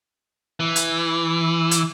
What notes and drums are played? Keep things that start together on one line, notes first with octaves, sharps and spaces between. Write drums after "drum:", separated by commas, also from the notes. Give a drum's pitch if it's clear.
E3
drum: hi-hat
drum: hi-hat